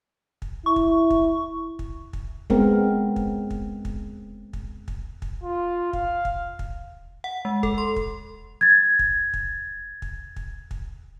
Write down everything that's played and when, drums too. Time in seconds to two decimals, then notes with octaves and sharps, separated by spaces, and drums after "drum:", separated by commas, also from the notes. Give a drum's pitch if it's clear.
0.42 drum: kick
0.66 E4 C#6
0.76 drum: kick
1.10 drum: kick
1.79 drum: kick
2.13 drum: kick
2.50 G#3 B3 C4 A#4, drum: kick
3.16 drum: kick
3.50 drum: kick
3.85 drum: kick
4.53 drum: kick
4.88 drum: kick
5.22 drum: kick
5.44 F4
5.93 F5, drum: kick
6.25 drum: kick
6.59 drum: kick
7.24 F#5
7.45 G#3
7.63 A4, drum: kick
7.78 C6
7.96 drum: kick
8.61 G#6 A6
8.99 drum: kick
9.34 drum: kick
10.02 drum: kick
10.36 drum: kick
10.71 drum: kick